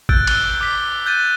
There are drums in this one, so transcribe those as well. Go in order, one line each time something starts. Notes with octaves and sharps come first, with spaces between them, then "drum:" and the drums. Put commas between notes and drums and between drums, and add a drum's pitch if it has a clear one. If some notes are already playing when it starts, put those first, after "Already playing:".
E6 F#6 G6 A6 D7, drum: kick G#1
F#6 D7 G7, drum: cymbal
D6 B6
F#6 G6 A6 D#7